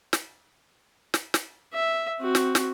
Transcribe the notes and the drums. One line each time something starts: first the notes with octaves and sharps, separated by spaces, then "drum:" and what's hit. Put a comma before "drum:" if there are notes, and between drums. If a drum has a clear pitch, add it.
drum: snare
drum: snare
drum: snare
E5
C4 F#4
drum: snare
drum: snare